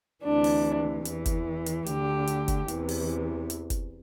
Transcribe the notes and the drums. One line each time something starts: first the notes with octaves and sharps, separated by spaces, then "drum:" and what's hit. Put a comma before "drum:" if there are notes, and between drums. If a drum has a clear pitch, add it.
D2 C3 E3 D4
drum: open hi-hat
E2 E3, drum: hi-hat
drum: kick F#1, hi-hat
drum: hi-hat
D2 D3 G4, drum: hi-hat
drum: hi-hat
drum: kick F#1, hi-hat
E2 C3 E3, drum: hi-hat
drum: open hi-hat
drum: hi-hat
drum: kick F#1, hi-hat